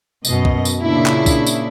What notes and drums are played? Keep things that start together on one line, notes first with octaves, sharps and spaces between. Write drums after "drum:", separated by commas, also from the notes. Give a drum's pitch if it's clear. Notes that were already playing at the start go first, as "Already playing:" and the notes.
F#2 B2 D#5, drum: tambourine
drum: kick
drum: tambourine
A#2 C#3 D4 E4
drum: clap
drum: kick, tambourine
drum: tambourine